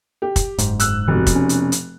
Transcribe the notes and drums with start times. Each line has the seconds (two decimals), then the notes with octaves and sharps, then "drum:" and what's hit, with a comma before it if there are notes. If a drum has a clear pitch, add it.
0.22 G4
0.36 drum: kick, hi-hat
0.58 F#1 G#2, drum: hi-hat
0.80 E6 F#6, drum: hi-hat
1.08 F1 B2
1.27 drum: kick, hi-hat
1.36 C#4
1.49 drum: hi-hat
1.72 drum: hi-hat